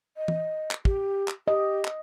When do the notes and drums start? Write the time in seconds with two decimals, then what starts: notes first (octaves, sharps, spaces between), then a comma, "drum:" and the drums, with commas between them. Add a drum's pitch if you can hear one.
0.17 D#5
0.28 drum: tom
0.71 drum: clap
0.85 G4, drum: kick
1.28 drum: clap
1.48 G4 D#5
1.85 drum: clap